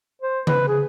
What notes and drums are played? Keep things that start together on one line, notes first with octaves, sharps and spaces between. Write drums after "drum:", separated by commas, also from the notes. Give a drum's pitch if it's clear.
C5
B4, drum: tom C#3
G#4